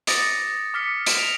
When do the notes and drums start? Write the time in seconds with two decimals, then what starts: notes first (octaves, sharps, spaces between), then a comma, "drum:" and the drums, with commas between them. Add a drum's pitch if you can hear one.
0.07 D6 D#6 A6 A#6 C#7, drum: hi-hat
0.74 D6 F6 B6 C#7
1.06 B6 E7, drum: hi-hat
1.19 D7 F7